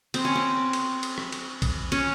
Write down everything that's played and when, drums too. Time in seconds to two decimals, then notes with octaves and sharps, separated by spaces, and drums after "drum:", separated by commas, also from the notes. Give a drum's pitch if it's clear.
0.14 C4, drum: cymbal
0.25 C#4
0.35 C4
0.73 drum: cymbal
1.03 drum: cymbal
1.18 drum: rim click
1.32 drum: cymbal
1.62 drum: kick A#1, cymbal
1.92 C#4, drum: cymbal